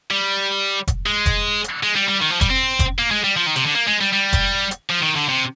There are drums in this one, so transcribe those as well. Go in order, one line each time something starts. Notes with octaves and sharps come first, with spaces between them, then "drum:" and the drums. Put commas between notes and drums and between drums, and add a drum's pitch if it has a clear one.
G3
drum: kick F1, hi-hat
G#3
drum: kick F1, hi-hat
drum: hi-hat
G#3
G3
G3
D#3
F3
G3, drum: kick F1, hi-hat
C4
drum: kick F1, hi-hat
A#3
G#3
G3
F3
D#3
C3, drum: hi-hat
D3
A#3
G#3
G3
G3
drum: kick F1, hi-hat
drum: hi-hat
F3
D#3
D3
C3